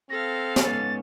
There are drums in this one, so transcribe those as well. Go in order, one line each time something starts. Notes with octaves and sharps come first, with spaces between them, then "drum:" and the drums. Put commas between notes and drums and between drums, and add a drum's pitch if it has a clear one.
C4 A4 F5 A#6
drum: snare
G#2 B3 C#4 A6